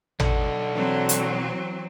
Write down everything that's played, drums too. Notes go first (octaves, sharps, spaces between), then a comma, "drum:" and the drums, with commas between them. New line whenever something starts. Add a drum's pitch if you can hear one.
B1 D3 F#4, drum: tom
E3 F#3 C4
drum: hi-hat